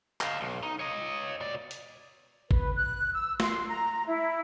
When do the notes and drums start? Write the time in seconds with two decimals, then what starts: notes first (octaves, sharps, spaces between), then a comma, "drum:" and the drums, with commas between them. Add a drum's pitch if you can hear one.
0.21 D#5 F5, drum: clap
0.41 B1
0.63 D#4
0.79 C#5 D#5
1.41 B2 D5
1.71 drum: hi-hat
2.51 B4, drum: kick
2.76 F#6
3.13 E6
3.40 C6, drum: snare
3.68 A#5
4.07 E4